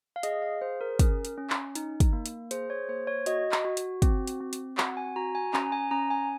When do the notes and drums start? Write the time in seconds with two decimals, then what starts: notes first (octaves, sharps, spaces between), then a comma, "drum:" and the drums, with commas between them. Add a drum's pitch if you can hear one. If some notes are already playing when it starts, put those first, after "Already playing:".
0.16 F5
0.23 G#4 D#5, drum: hi-hat
0.42 F5
0.61 G#4 C5
0.81 A#4
0.99 C#4, drum: kick, hi-hat
1.25 drum: hi-hat
1.38 C#4
1.50 drum: clap
1.75 D#4, drum: hi-hat
2.00 drum: kick, hi-hat
2.13 A#3
2.26 drum: hi-hat
2.51 G#4 C5, drum: hi-hat
2.70 C#5
2.89 A#3 C5
3.07 C#5
3.26 F#4 D#5, drum: hi-hat
3.52 drum: clap
3.65 F#4
3.77 drum: hi-hat
4.02 C4, drum: kick, hi-hat
4.28 drum: hi-hat
4.40 C4
4.53 drum: hi-hat
4.78 F#4 F#5, drum: clap
4.97 G#5
5.16 F#4 A#5
5.35 G#5
5.53 C#4 A#5, drum: clap
5.72 G#5
5.91 C#4 A#5
6.10 G#5